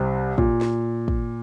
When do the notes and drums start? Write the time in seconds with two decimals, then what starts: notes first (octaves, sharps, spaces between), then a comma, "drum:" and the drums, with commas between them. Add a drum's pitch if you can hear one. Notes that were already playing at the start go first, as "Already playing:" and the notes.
Already playing: C2 C3
0.38 A#2, drum: kick
0.61 drum: snare
1.08 drum: kick